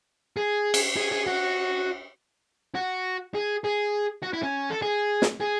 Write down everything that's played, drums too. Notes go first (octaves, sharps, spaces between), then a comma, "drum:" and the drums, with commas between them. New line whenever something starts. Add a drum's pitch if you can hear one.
G#4
drum: cymbal
G#4
G#4
F#4
F#4
G#4
G#4
F#4
E4
C#4
A4
G#4
drum: snare
G#4